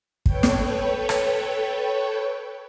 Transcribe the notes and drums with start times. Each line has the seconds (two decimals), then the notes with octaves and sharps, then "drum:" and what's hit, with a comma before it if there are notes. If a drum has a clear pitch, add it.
0.26 A4 B4 C#5 G5, drum: kick
0.43 drum: snare
1.09 drum: rim click